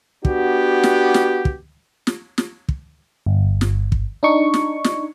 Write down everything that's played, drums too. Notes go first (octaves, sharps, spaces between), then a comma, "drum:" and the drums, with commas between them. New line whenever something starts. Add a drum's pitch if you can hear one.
B3 D4 F#4 G4, drum: kick
drum: snare
drum: snare
drum: kick
drum: snare
drum: snare
drum: kick
G1
drum: snare
drum: kick
D4 D#4 C#6
drum: snare
drum: snare